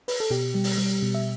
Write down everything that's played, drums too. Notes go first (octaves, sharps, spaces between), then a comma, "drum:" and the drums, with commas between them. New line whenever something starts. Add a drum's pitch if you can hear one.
B4, drum: open hi-hat
A4
B2 G4
G3
drum: open hi-hat
G3
B2
E5